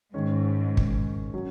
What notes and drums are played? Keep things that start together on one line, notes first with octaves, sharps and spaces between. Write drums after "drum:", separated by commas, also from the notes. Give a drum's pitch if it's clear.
G#2 D#3 G#3 C#4
drum: kick
F#3 C#4